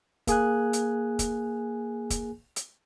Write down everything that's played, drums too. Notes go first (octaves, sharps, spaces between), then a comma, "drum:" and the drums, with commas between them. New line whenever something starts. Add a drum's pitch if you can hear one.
A#3 G#4 G#5 F#6, drum: kick, hi-hat
drum: hi-hat
drum: kick, hi-hat
drum: kick, hi-hat
drum: hi-hat